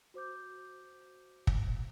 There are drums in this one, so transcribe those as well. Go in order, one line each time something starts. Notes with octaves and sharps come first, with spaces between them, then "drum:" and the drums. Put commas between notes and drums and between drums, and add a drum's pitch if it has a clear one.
F#4 C5 D6 G6
drum: kick